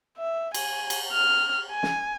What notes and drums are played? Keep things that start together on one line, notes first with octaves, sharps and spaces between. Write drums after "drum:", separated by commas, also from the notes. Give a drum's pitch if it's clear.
E5
G#5, drum: cymbal
drum: cymbal
F6
G#5
drum: snare